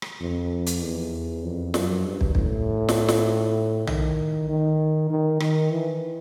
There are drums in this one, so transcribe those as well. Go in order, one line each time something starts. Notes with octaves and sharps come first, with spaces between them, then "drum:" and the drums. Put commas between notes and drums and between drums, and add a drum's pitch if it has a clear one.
drum: rim click
F2
drum: hi-hat
E2
F2
F#2, drum: snare
G2
drum: kick
A2, drum: kick
drum: snare
drum: snare
D#3, drum: tom
D#3
D#3
D#3, drum: rim click
E3